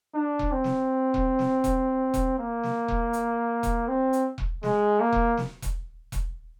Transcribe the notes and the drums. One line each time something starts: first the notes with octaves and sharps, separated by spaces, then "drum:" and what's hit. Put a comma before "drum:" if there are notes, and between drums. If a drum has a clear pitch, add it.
D4
drum: kick E1
C4
drum: snare
drum: kick E1
drum: snare
drum: kick E1, hi-hat
drum: kick E1, hi-hat
A#3
drum: snare
drum: kick E1
drum: hi-hat
drum: kick E1, hi-hat
C4
drum: hi-hat
drum: kick E1
G#3, drum: snare
A#3
drum: kick E1
drum: snare
drum: kick E1, hi-hat
drum: kick E1, hi-hat